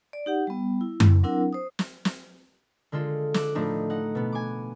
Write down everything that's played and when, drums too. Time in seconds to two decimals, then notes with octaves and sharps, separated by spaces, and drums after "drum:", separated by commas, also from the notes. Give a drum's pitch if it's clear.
0.13 D5
0.26 D#4 G4 F#5
0.47 G3 B3
0.81 E4
1.00 drum: tom F#2
1.23 F#3 C4 D4 E4 A#4 F#5
1.53 C5 D#6
1.79 drum: snare
2.05 drum: snare
2.92 D3 G#3 F4 A4
3.34 D6 E6 F#6, drum: snare
3.55 A2 F3 A3 D4 D#4
3.90 D#4 F#5
4.15 B2 B3
4.32 G#5 D6